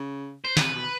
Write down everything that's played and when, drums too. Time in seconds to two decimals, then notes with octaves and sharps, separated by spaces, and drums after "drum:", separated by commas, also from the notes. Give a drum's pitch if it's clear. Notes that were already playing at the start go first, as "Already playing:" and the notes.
Already playing: C#3
0.45 C5
0.57 C3 B4, drum: snare
0.74 B2